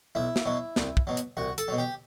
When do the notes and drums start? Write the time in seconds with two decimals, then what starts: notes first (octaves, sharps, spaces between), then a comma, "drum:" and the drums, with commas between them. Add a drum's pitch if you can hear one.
0.15 B1 E4
0.36 drum: snare
0.46 B2 F#3
0.76 C2, drum: snare
0.97 drum: kick
1.07 B2 F#3
1.17 drum: hi-hat
1.37 C2 F#4
1.58 A4, drum: hi-hat
1.68 B2 F#3
1.78 G4